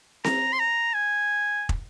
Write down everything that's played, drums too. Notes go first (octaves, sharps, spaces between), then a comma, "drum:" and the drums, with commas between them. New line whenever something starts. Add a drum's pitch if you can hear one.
A#5, drum: snare C4
C6
A#5
G#5
drum: kick